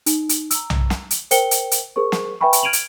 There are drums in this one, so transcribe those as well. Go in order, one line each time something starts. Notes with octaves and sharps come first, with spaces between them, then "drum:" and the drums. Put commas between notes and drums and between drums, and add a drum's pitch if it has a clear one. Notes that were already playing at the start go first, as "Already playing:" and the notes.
D#4, drum: hi-hat
drum: hi-hat
A#5 E6, drum: hi-hat
drum: tom B1
drum: snare
drum: hi-hat
A#4 C5 G5 C#7 G7, drum: hi-hat
drum: hi-hat
drum: hi-hat
G#4 A#4 C5 C#6
drum: snare
B4 E5 G5 G#5 B5 C#6
drum: hi-hat
F6 G#6 D7 D#7 F7 F#7
drum: hi-hat